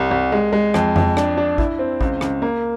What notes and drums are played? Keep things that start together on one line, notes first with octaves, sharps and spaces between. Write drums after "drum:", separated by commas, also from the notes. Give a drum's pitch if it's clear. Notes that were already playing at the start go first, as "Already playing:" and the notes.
Already playing: C2
C2
G#3
G#3
F2, drum: rim click
F2, drum: tom F2
D4, drum: rim click
D4
E4, drum: kick A1
C4
C#2, drum: kick A1
C#2, drum: rim click
A#3